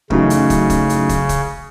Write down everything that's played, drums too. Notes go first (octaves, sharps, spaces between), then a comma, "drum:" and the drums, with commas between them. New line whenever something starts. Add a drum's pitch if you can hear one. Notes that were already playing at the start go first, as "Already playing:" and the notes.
F#2 C#3 E3 A3 D#4 F#4, drum: kick
drum: hi-hat
drum: kick, hi-hat
drum: kick, hi-hat
drum: hi-hat
drum: kick, hi-hat
drum: kick, hi-hat